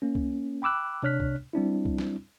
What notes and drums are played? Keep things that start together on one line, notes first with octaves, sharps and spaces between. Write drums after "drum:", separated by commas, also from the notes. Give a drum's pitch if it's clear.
A#3 C#4
drum: kick C2
G5 B5 D6 E6 F#6
C3 D4 C#5 F6 F#6 B6
drum: kick C2
G3 C4 D4 E4
drum: kick C2
drum: snare